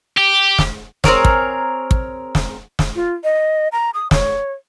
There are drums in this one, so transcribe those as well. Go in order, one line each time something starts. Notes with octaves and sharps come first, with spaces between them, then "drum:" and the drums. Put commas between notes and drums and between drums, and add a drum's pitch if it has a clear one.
G4
drum: snare
C4 G#4 A#4 C#5, drum: snare
drum: kick
drum: kick
drum: snare
drum: snare
F4
D#5
A#5
D#6
C#5, drum: snare